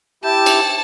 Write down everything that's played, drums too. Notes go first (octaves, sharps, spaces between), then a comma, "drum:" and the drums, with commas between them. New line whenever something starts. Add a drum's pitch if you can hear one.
E4 G4 G5 A5
drum: cymbal